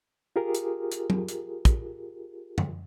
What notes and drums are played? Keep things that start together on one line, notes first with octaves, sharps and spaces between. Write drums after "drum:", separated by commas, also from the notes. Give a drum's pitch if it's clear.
F4 G4 G#4 A#4
drum: hi-hat
drum: hi-hat
drum: tom F#3
drum: hi-hat
drum: kick, hi-hat
drum: tom